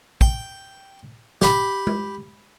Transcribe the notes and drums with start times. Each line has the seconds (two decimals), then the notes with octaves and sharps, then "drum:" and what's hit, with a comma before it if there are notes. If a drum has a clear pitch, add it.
0.21 G5, drum: kick
1.42 G4 B5, drum: snare
1.87 drum: tom G#3